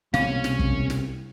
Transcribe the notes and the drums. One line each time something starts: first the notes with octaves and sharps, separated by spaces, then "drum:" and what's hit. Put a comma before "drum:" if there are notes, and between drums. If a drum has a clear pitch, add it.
C2 B2 A#3 C#4 F5, drum: snare
drum: snare
drum: kick
drum: snare